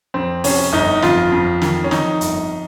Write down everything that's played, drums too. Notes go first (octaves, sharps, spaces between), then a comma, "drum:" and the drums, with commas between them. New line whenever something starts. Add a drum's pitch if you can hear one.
F2 C4
C3 C#4, drum: open hi-hat
G1 D#4
F2 F4, drum: snare
F2
D#3, drum: snare
C#4
F2 D#4, drum: snare
G1, drum: hi-hat